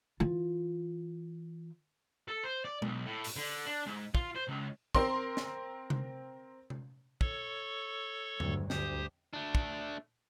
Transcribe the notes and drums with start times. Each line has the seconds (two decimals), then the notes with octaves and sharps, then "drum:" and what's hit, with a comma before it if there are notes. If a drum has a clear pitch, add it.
0.20 E3 F4
2.28 A4
2.44 C5
2.65 D5
2.82 B1, drum: tom G#3
3.06 A2
3.24 drum: open hi-hat
3.37 D3
3.66 D4
3.87 G#2
4.15 F4, drum: kick
4.36 C5
4.48 C#2
4.95 C4 A#4 C6, drum: kick
5.37 drum: snare
5.90 drum: tom C3
6.70 drum: tom C3
7.21 A4 C#5 C#6, drum: kick
8.40 D2 G2 F#3, drum: tom E2
8.70 D2 G4 C5 D#6, drum: snare
9.33 A3 D4
9.55 drum: kick